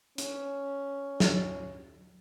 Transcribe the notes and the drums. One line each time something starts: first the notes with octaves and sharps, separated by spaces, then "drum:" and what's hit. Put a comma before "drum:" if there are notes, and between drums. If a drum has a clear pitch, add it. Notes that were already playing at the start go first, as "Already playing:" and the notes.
C#4, drum: hi-hat
drum: snare